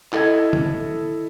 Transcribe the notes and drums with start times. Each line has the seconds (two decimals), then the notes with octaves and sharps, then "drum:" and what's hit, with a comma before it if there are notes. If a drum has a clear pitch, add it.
0.13 E4 A4 D#5 G#6, drum: clap
0.53 drum: tom D3